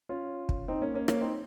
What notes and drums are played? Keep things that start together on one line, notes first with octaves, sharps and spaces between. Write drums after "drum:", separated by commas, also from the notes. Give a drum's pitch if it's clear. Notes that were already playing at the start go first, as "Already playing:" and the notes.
C#4 F4
drum: kick
C4 D#4
A#3 C#4
A#3 C#4
A#3 C#4, drum: rim click
C4 D#4